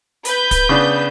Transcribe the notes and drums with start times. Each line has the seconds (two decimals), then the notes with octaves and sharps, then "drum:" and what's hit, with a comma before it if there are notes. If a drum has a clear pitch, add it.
0.25 B4 G6, drum: hi-hat
0.51 drum: kick, hi-hat
0.69 C#3 B3 D4